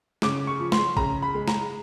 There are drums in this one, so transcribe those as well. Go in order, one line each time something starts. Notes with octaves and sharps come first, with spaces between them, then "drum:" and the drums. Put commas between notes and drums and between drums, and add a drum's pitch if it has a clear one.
C#3 D6, drum: snare
C#6
F3
C6, drum: snare
C#3 A#5, drum: kick
B5
G#3
A#5, drum: snare